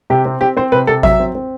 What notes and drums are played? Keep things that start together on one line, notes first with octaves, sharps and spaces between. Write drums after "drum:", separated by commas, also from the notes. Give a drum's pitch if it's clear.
C3 G4
C4
C4 G4
C4 C5
C3 B4
C3 A4
F#3 E5, drum: kick A1
C4
C4